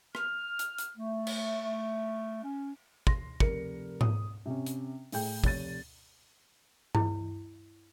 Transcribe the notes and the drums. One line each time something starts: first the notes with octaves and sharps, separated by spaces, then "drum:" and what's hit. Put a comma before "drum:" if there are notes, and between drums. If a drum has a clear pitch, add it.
F6, drum: rim click
drum: hi-hat
drum: hi-hat
A3
drum: cymbal
C#4
C6 A#6, drum: kick
F1 A#4 C#7, drum: kick
D#6, drum: tom G#2
C3 C#4
drum: hi-hat
A2 G#4 G5 G6, drum: open hi-hat
F1 C#5 A6 D#7, drum: kick
E4, drum: tom G2